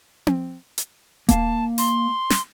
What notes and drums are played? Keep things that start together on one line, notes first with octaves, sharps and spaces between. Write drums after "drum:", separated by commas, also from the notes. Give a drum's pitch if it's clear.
drum: tom C4
drum: hi-hat
A#3 F5 A5, drum: kick D#1, hi-hat
C6, drum: open hi-hat
drum: snare